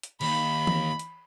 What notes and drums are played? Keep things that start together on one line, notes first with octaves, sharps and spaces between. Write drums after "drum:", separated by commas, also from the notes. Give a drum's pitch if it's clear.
drum: hi-hat
D#2 B5, drum: cymbal
drum: tom E3
drum: hi-hat